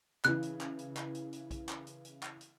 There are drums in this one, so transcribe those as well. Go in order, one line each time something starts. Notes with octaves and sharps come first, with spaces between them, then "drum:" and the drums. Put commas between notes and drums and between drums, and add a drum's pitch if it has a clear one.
C#3 E3 F#6, drum: clap
drum: hi-hat
drum: clap
drum: hi-hat
drum: clap
drum: hi-hat
drum: hi-hat
drum: kick B1, hi-hat
drum: clap
drum: hi-hat
drum: hi-hat
drum: clap
drum: hi-hat